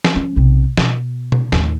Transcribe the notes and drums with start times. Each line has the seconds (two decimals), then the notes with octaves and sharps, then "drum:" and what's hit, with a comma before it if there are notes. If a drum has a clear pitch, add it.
0.04 drum: snare
0.14 F3 C#4
0.36 B1 C3
0.77 B2, drum: snare
1.32 drum: tom B2
1.52 D#2 A2, drum: snare